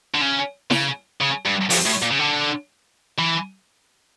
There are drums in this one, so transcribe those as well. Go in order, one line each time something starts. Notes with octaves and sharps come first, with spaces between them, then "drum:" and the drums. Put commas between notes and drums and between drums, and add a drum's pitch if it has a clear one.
D3
C#3
C#3, drum: snare E4
C#3
G2
F2, drum: open hi-hat
A2
A#2
C#3
D3
E3